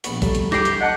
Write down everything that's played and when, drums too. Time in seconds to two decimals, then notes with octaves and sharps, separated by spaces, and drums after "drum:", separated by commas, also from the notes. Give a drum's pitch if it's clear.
0.04 A#1 B3 C#6, drum: hi-hat
0.22 F#3 G3 A3, drum: kick A#1, hi-hat
0.35 drum: hi-hat
0.52 G4 A#6 C7 D7, drum: snare
0.65 drum: hi-hat
0.81 D#5 F#5 A5